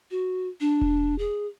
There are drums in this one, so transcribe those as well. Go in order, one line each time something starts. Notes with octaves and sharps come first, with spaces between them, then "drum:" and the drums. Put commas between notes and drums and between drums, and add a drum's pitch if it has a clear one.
F#4
D4
drum: kick E1
G#4